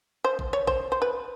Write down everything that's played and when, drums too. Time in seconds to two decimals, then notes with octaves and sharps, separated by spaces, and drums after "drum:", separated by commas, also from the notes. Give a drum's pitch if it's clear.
0.24 C5
0.39 drum: kick A1
0.53 C#5
0.67 C5, drum: kick A1
0.92 C5
1.02 B4